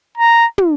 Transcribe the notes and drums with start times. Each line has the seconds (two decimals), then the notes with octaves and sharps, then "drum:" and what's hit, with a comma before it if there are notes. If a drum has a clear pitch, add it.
0.17 A#5
0.58 drum: tom